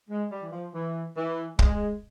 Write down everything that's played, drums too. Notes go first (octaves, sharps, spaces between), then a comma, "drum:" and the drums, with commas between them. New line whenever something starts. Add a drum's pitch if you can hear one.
G#3
G3
E3
F3
E3
E3
G#3, drum: kick